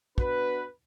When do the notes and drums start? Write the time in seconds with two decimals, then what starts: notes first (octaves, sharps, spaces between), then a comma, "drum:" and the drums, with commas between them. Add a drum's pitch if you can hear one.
0.18 B3 D4 F#4 B4, drum: kick